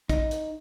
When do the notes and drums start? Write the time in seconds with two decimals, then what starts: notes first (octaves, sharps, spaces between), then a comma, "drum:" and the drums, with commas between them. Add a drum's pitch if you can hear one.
0.09 D#4, drum: kick, hi-hat
0.31 drum: hi-hat